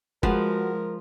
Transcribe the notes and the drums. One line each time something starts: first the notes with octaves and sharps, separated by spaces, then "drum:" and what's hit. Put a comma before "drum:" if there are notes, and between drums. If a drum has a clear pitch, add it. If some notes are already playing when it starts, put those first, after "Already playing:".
F3 G#3 F#4 G#4 A#4 B4, drum: kick